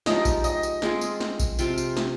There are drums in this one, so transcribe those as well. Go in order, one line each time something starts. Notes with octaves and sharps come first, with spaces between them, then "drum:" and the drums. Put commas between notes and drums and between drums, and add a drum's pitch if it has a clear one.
F3 G#3 D#4 G4 D#5, drum: snare
drum: kick A#1, tambourine
D#5, drum: tambourine
drum: tambourine
G#3 C4 F4 G#4, drum: snare
drum: tambourine
drum: snare
drum: kick A#1, tambourine
C3 F3 C4 F4, drum: tambourine
drum: tambourine
drum: snare